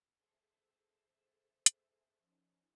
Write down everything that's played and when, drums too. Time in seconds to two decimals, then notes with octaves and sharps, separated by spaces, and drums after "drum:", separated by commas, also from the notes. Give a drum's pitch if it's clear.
0.16 G#4 A4 C5 E5 A5
1.66 drum: hi-hat
2.19 F3 C#4 D#4